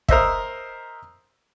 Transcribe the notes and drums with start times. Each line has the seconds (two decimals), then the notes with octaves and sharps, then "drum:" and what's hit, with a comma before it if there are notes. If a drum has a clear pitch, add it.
0.09 A#4 C5 D#5 E5, drum: kick